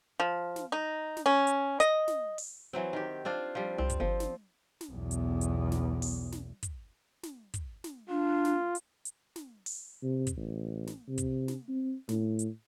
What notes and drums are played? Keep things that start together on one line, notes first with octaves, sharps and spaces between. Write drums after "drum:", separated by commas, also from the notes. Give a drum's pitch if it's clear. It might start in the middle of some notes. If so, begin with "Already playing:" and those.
F3
drum: snare
D#4
drum: snare
C#4
drum: hi-hat
D#5, drum: hi-hat
drum: snare
drum: open hi-hat
E3 F#3 C4
D#3 G4
C4 D4 F4
F3 G3
C2 C4
drum: kick, hi-hat
G1 F3
drum: snare
drum: snare
B1 E2
drum: hi-hat
drum: hi-hat
drum: snare
drum: open hi-hat
drum: snare
drum: kick, hi-hat
drum: snare
drum: kick, hi-hat
drum: snare
D4 F4
drum: snare
drum: hi-hat
drum: hi-hat
drum: snare
drum: open hi-hat
C3
drum: kick, hi-hat
A1
drum: snare
C3
drum: kick, hi-hat
drum: snare
C4
A2, drum: snare
drum: hi-hat